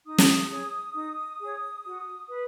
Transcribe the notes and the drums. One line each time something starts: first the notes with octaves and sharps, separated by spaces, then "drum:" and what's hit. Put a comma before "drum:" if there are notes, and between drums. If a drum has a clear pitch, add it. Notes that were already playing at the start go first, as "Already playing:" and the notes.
D#4 D#6
drum: snare
G#4 C#5
D#4
G#4 C#5
F#4
B4